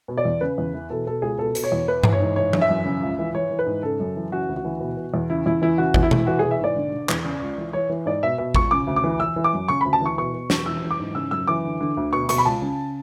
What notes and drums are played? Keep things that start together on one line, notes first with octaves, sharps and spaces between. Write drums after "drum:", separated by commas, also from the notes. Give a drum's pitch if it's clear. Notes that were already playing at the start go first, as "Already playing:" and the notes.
B2
D5
E2
C#3 B4
E2
E3
B2 A4
B2 A4
C#2 G#4
B2 A4
B2, drum: hi-hat
C#5
E2
E3 B4
E3, drum: tom G2
C#5
G#2
E3 C#5
E3, drum: tom F3
E5
F#2
C#3
C#2
E3
E3 C#5
E3
B4
G#2
C#3 A4
F#2
E3
C#3 F#4
D2
F#4
E3
B2
B2
E2
C#3 E4
E2 E4
E3 E4
C#3 F#4
E2, drum: kick A1
E4
E3, drum: tom B2
E3 F#4
E3 G#4
E5
G#2 D5
D3
D3
E2, drum: clap
C#3
C#2
E3
E3 C#5
E3
G#2 D5
B2 E5
B2 E5
C#2 C#6, drum: kick A1
C#3 D6
D2
D6
E3
E3 E6
E3
D6
F#2
C#3 C#6
D2 B5
A5
E3 C#6
B2 C#6
B2
E2, drum: snare
E3 E6
E3
D6
G#2
C#3 E6
F#2 E6
E3 D6
D3
D3
D2
B2 C#6
B2 C#6, drum: hi-hat
B5
C#2 A5
C#3